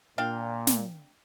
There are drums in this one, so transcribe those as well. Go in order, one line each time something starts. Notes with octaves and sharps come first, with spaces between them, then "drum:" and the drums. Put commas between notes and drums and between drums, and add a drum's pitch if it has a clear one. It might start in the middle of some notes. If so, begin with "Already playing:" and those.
A#2 D4 F5 G5
drum: snare